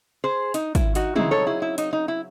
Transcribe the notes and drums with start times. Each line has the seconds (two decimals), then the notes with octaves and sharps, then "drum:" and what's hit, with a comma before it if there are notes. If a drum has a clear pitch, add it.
0.24 G#4 C5
0.54 D#4, drum: hi-hat
0.75 E4, drum: kick, hi-hat
0.95 D#4 F#4, drum: hi-hat
1.16 C#3 F#3 C4 D#4 E4 G#4, drum: tom
1.31 A4 C#5
1.47 E4 G#4
1.62 E4
1.78 D#4, drum: hi-hat
1.93 D#4
2.08 E4